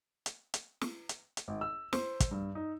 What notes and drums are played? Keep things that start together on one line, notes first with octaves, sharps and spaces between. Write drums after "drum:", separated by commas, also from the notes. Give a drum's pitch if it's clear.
drum: hi-hat
drum: hi-hat
drum: snare
drum: hi-hat
drum: hi-hat
G#1
E6
C5, drum: snare
drum: kick, hi-hat
G2
D#4